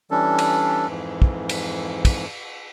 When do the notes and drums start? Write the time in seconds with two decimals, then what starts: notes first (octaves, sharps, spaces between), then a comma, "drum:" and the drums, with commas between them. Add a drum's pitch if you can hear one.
0.11 E3 G3 C#4 D4 A4
0.39 drum: cymbal
0.88 F2 G#2 E3
1.22 drum: kick
1.49 drum: cymbal
2.05 drum: kick, cymbal